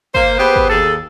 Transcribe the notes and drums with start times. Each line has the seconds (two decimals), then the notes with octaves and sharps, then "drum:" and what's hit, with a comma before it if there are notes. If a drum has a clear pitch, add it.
0.15 A#3 C5, drum: kick
0.38 B3 G4 G#4 B4 C5
0.56 drum: kick
0.69 D#2 G#4 A4